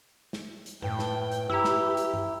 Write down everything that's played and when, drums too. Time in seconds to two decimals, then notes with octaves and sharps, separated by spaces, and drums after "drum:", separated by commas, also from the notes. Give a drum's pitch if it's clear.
0.33 drum: snare
0.66 drum: hi-hat
0.82 A2 B4 G5, drum: tom F#2
0.99 drum: snare
1.32 drum: hi-hat
1.50 E4 G4 A#5 E6, drum: tom G2
1.64 drum: snare
1.97 drum: hi-hat
2.14 drum: tom G2